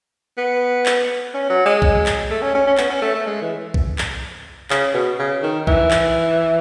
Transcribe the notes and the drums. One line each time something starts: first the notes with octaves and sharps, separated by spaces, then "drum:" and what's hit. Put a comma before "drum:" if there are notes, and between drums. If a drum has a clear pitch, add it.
B3
drum: clap
C#4
F#3
G#3
drum: kick B1
drum: clap
A3
C#4
C#4
C#4
B3, drum: clap
C#4
A3
A3
G#3
E3
drum: kick B1
drum: clap
C#3, drum: clap
B2
C#3
D#3
E3, drum: kick B1
drum: clap